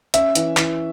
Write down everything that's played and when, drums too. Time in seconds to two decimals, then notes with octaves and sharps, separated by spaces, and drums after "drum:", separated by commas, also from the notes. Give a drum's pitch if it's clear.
0.14 C#4 E5, drum: hi-hat
0.35 E3, drum: hi-hat
0.57 E3, drum: clap